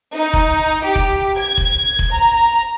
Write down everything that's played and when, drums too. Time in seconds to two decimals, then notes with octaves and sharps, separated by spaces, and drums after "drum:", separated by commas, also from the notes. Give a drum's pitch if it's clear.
0.13 D#4
0.33 drum: kick F1
0.83 G4
0.95 drum: kick F1
1.37 G#6
1.58 drum: kick F1
1.99 drum: kick F1
2.12 A#5